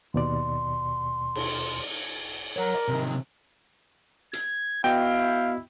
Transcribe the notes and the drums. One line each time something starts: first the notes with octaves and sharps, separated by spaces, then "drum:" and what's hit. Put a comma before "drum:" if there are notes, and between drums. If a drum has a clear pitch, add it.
D#2 B2 D5 C6
drum: cymbal
A#4 C#5 F#5
D5
C3 D#3
G#6, drum: hi-hat
B3 E4 F#4 D#5 F5 G5